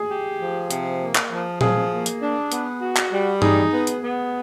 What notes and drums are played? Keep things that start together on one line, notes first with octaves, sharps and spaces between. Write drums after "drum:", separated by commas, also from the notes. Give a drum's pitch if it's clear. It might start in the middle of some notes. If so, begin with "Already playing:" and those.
Already playing: G#4
G4
F3
C3, drum: hi-hat
A#3
drum: clap
F3
F3 G#4, drum: tom A#2
A#3
drum: hi-hat
D4
B3, drum: hi-hat
F#4
drum: clap
G3
D#4 G#4, drum: tom G2
B3
drum: hi-hat
B3